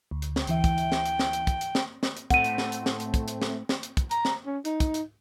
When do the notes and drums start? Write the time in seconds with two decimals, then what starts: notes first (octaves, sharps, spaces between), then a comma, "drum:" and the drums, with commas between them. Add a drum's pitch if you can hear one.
0.11 D2
0.22 drum: hi-hat
0.36 drum: snare
0.47 D2 E3 E5 G5, drum: hi-hat
0.64 drum: kick, hi-hat
0.78 drum: hi-hat
0.92 drum: snare
1.06 drum: hi-hat
1.19 drum: snare
1.33 drum: hi-hat
1.47 drum: kick, hi-hat
1.61 drum: hi-hat
1.75 drum: snare
2.03 drum: snare
2.17 drum: hi-hat
2.30 A2 A3 C4 F#5 D#7, drum: kick, hi-hat
2.44 drum: hi-hat
2.58 drum: snare
2.72 drum: hi-hat
2.86 drum: snare
3.00 drum: hi-hat
3.14 drum: kick, hi-hat
3.28 drum: hi-hat
3.42 drum: snare
3.69 drum: snare
3.83 drum: hi-hat
3.97 drum: kick, hi-hat
4.11 A#5, drum: hi-hat
4.25 drum: snare
4.46 C#4
4.65 D#4, drum: hi-hat
4.80 drum: kick, hi-hat
4.94 drum: hi-hat